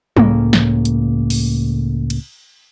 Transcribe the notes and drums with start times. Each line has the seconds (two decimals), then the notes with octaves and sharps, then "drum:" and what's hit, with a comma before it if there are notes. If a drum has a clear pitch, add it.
0.17 C#2 A2 C#3 A#3, drum: tom
0.53 drum: snare
0.85 drum: hi-hat
1.30 drum: open hi-hat
2.10 drum: cymbal